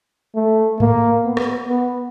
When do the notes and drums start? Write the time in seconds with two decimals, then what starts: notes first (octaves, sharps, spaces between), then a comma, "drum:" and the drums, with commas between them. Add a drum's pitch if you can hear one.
0.35 A3
0.80 A#3, drum: tom G#2
1.24 B3
1.37 drum: rim click
1.69 B3